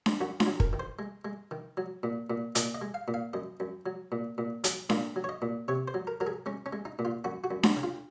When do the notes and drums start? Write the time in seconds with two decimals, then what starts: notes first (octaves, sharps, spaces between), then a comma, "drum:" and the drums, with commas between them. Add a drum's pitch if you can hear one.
0.06 drum: snare D4
0.21 F#2 F#4
0.40 F4, drum: snare D4
0.47 F#3
0.60 A#4, drum: kick
0.73 D#3
0.80 C5
0.99 G#3
1.25 G#3
1.51 D#3
1.77 F#3
2.03 A#2
2.30 A#2
2.55 A#2 D#5, drum: hi-hat
2.74 D#5
2.81 G#3
2.94 F5
3.08 A#2
3.14 F5
3.33 F#2 D#5
3.60 F#2
3.86 F#3
4.12 A#2
4.38 A#2
4.64 F#3, drum: hi-hat
4.90 A#2 F5, drum: snare D4
5.16 F#3
5.24 C#5
5.29 D#5
5.42 A#2
5.68 C3 C#5
5.88 C5
5.94 F#3
6.07 A#4
6.21 F#3 A#4
6.27 G#4
6.46 G#3 C#4
6.66 C#4
6.73 G#3
6.85 D#4
6.99 A#2
7.05 F4
7.24 F#2 F#4
7.44 F#4
7.51 F#2
7.63 F#4, drum: snare D4
7.77 C#3
7.83 F4